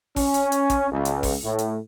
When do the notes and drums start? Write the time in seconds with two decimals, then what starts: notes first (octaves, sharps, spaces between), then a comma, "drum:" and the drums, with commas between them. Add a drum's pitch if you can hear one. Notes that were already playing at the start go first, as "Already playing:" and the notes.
0.16 C#4, drum: kick, open hi-hat
0.34 drum: hi-hat
0.52 drum: hi-hat
0.70 drum: kick, hi-hat
0.91 C#2
1.05 drum: hi-hat
1.23 drum: kick, open hi-hat
1.44 A2
1.59 drum: hi-hat